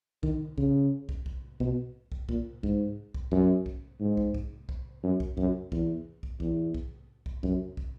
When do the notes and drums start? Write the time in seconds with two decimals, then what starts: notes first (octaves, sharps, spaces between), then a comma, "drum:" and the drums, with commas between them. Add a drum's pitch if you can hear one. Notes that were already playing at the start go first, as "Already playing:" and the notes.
0.23 D#3, drum: kick
0.58 C#3, drum: kick
1.09 drum: kick
1.26 drum: kick
1.60 B2, drum: kick
2.12 drum: kick
2.29 A#2, drum: kick
2.63 G#2, drum: kick
3.14 drum: kick
3.32 F#2, drum: kick
3.66 drum: kick
4.00 G#2
4.17 drum: kick
4.34 drum: kick
4.69 drum: kick
5.03 F#2
5.20 drum: kick
5.37 F#2, drum: kick
5.72 E2, drum: kick
6.23 drum: kick
6.40 E2, drum: kick
6.74 drum: kick
7.26 drum: kick
7.43 F#2, drum: kick
7.77 drum: kick